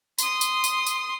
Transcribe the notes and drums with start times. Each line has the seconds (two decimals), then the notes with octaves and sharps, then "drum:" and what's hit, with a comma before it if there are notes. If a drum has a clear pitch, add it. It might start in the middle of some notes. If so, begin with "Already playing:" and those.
0.18 C6 D#6, drum: tambourine
0.41 drum: tambourine
0.64 drum: tambourine
0.86 drum: tambourine